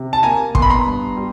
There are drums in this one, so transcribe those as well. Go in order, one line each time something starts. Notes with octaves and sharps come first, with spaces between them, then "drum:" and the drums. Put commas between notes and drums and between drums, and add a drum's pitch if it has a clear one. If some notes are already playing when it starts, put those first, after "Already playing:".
Already playing: C3
A5
A#3 G#5 A#5
B3 C6, drum: kick
B5
A#5 C6
G2
G3